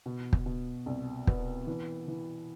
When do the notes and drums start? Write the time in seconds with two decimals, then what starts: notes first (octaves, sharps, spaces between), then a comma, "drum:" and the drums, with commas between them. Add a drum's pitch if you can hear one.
0.06 B2
0.33 drum: kick
0.46 B2
0.86 C2
1.27 B3, drum: kick
1.67 E3
2.08 E3